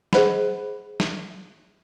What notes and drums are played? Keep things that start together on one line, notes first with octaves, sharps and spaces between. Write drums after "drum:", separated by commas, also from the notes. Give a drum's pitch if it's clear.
G#4 C5 D#5 F#5 B5, drum: snare
drum: snare